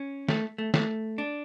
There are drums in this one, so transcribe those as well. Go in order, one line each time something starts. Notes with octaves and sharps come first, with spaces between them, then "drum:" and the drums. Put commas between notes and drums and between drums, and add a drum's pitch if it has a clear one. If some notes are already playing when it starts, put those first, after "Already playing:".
Already playing: C#4
A3, drum: snare
A3
A3, drum: snare
D4